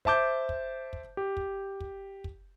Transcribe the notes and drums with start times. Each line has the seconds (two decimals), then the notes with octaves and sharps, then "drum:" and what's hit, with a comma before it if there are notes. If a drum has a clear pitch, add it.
0.05 C5 E5 A5 D6 G6, drum: kick
0.49 drum: kick
0.93 drum: kick
1.17 G4
1.37 drum: kick
1.80 drum: kick
2.24 drum: kick